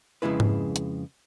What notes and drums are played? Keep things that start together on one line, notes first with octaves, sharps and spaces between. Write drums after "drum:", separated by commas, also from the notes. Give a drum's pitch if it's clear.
F2 C#3 G#3 E4 B4
drum: tom G#2
drum: hi-hat